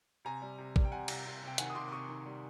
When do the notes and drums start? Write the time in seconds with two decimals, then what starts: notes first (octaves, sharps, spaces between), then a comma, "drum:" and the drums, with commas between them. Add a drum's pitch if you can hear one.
0.25 C3 G#5 A#5
0.42 G3
0.58 C3
0.76 G3, drum: kick A1
0.85 G5
0.92 C3 F#5 G#5
1.08 C3, drum: cymbal
1.25 C3
1.42 C3 G5
1.58 D#3 F#5 G#5, drum: hi-hat
1.70 D#6
1.75 C3 C6 D6
1.88 D6
1.91 C3 C#6 D#6
2.08 D#3
2.26 G3